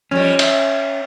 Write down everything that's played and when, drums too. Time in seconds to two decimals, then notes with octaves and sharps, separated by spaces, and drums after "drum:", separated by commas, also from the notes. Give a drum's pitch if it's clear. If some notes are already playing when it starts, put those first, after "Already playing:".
0.11 F2 G3 C#4
0.39 E5, drum: cymbal